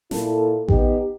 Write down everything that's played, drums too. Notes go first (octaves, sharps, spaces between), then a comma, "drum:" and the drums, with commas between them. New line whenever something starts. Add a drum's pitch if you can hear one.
A#2 E4 A4, drum: snare
B3 D#4 G4, drum: kick A1